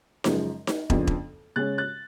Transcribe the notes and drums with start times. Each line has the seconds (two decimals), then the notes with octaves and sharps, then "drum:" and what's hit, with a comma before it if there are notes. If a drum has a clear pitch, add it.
0.24 F#2 C#3 F3 G#3, drum: snare D#4
0.67 drum: snare D#4
0.90 F2 C#3 F3 B3 D4, drum: kick
1.07 drum: kick
1.56 C#3 G#3 C#4 F#6 A6
1.78 F#6 A6